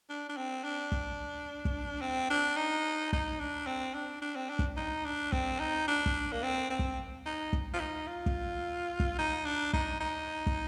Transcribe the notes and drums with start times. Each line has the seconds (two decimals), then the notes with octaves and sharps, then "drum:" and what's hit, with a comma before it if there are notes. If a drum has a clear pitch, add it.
0.09 D4
0.29 D4
0.37 C4
0.64 D4
0.92 drum: kick
1.65 drum: kick
2.01 C4
2.30 D4
2.57 D#4
3.13 D#4, drum: kick
3.40 D4
3.67 C4
3.94 D4
4.22 D4
4.36 C4
4.50 D4
4.59 drum: kick
4.77 D#4
5.05 D4
5.32 C4, drum: kick
5.60 D#4
5.88 D4
6.06 drum: kick
6.32 A#3
6.43 C4
6.70 C4
6.79 drum: kick
7.26 D#4
7.53 drum: kick
7.74 F4
7.80 D#4
8.07 F4
8.26 drum: kick
9.00 drum: kick
9.19 D#4
9.45 D4
9.73 D#4, drum: kick
10.00 D#4
10.46 drum: kick